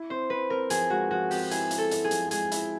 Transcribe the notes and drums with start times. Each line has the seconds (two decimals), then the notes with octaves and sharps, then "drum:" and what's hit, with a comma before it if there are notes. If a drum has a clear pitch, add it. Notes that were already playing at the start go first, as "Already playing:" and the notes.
Already playing: E4
0.10 C4 C5
0.30 C4 B4
0.50 C4 A#4
0.70 F3 G#4, drum: hi-hat
0.90 G#3 F#4
1.11 F3 F#4
1.31 C4 G4, drum: open hi-hat
1.51 E4 G#4, drum: hi-hat
1.71 E4, drum: hi-hat
1.78 A4
1.91 E4, drum: hi-hat
2.04 G#4
2.11 F3, drum: hi-hat
2.31 G#3 G#4, drum: hi-hat
2.52 E4, drum: hi-hat